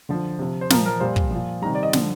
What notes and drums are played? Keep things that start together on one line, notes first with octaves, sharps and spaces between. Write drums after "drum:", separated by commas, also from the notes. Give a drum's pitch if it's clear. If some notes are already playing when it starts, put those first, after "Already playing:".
D3 F3
C3 F3
C5
A#2 F3 A#4, drum: snare
A#4
A#2 G3 C5
drum: kick
A#2 F3
C3 D#3 G3 A#5
D5
D#5
D3 F3, drum: snare